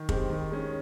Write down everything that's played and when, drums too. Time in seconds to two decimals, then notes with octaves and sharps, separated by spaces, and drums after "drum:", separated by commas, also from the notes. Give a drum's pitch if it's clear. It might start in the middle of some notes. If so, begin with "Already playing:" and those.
Already playing: D#3
0.09 G#3 C4 G4, drum: kick
0.30 D#3
0.51 G#3 C#4